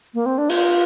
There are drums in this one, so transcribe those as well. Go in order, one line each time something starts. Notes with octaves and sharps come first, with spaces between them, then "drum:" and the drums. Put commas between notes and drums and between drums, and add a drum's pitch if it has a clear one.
A#3
C4
D4
F4, drum: cymbal